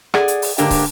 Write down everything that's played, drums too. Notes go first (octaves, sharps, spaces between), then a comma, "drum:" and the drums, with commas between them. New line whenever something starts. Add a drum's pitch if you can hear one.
G#4 D5 F#5, drum: rim click
drum: hi-hat
drum: open hi-hat
G#2 D3 A#3 D4 G4, drum: hi-hat
drum: kick, open hi-hat